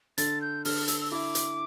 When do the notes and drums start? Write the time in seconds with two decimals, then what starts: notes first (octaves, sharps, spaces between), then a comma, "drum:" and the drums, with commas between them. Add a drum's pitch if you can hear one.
0.18 D3 A6, drum: hi-hat
0.41 G6
0.65 D3 F6, drum: open hi-hat
0.88 E6, drum: hi-hat
1.01 E6
1.11 E4 D6
1.35 drum: hi-hat